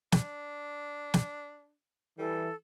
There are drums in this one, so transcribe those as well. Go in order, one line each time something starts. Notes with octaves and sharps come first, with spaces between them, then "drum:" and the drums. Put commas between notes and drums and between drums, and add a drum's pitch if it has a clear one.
D4, drum: snare
drum: snare
E3 G3 A4